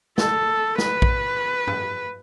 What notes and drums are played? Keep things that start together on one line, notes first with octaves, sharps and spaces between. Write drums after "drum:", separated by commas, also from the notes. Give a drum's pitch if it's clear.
A4, drum: snare
B4, drum: snare
drum: kick
drum: tom G2